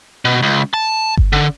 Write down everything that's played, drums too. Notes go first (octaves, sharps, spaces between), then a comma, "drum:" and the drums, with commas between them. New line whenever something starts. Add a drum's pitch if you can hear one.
B2
C#2
A5
drum: kick G1
D3